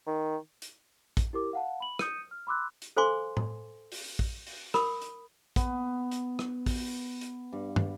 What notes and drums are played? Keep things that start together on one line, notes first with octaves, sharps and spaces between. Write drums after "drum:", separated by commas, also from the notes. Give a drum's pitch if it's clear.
D#3
drum: hi-hat
drum: kick, hi-hat
E4 G4 A#4 D6
F5 F#5 A5
B5 F#7
D#6 G6 C#7 D#7, drum: rim click
F6
B5 C6 D6 E6 F#6
drum: hi-hat
A4 C5 F5 G#5 C6 D6
drum: tom A2
drum: open hi-hat
drum: kick
drum: open hi-hat
A#4 B5 D#6, drum: rim click
drum: hi-hat
B3, drum: kick, hi-hat
drum: hi-hat
drum: rim click
drum: kick, open hi-hat
drum: hi-hat
G2
drum: tom